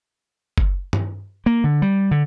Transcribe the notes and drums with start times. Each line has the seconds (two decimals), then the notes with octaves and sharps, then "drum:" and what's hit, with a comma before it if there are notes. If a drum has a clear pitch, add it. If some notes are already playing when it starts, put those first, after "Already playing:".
0.58 drum: kick F#1
0.93 drum: tom G2
1.46 A#3
1.64 D3
1.82 G3
2.11 D3